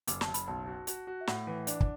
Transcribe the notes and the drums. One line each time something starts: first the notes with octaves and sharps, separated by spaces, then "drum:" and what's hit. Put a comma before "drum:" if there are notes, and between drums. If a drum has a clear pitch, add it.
F#1 D6, drum: hi-hat
A5, drum: snare
F#1
B5, drum: hi-hat
B1 A5
F#4
F#4, drum: hi-hat
F#4
E5
A2 F#5, drum: snare
E3
D4, drum: hi-hat
drum: kick